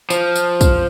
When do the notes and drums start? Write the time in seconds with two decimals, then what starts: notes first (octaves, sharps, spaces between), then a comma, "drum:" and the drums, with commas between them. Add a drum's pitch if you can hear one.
0.10 F3, drum: tambourine
0.36 drum: tambourine
0.61 drum: kick, tambourine